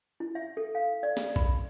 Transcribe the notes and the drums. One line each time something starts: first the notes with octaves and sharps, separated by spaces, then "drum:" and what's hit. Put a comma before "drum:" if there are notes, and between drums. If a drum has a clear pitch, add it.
E4
E5
A4
F5
D5
drum: snare
B5, drum: kick B1